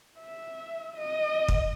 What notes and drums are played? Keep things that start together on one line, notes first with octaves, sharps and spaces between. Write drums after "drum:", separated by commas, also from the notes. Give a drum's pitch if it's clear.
E5
D#5
drum: kick